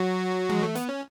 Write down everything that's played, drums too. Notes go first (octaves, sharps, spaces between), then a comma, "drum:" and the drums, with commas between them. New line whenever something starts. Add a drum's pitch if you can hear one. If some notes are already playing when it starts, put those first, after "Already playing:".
Already playing: F#3 F#4
G#3, drum: tom E3
A3
B3, drum: hi-hat
C#4